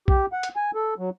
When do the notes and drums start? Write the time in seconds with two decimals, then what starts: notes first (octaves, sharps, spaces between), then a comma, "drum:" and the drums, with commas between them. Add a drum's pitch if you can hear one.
0.08 G4, drum: kick A#1
0.32 F#5
0.43 drum: hi-hat
0.56 G#5
0.75 A4
0.98 F#3